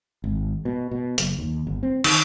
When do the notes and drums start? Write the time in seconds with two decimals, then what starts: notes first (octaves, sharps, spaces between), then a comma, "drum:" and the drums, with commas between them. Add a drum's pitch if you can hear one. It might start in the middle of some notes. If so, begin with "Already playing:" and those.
0.24 G#1
0.65 B2
0.91 B2
1.18 F#1, drum: hi-hat
1.39 D#2
1.67 G1
1.83 C4
2.04 D#3, drum: cymbal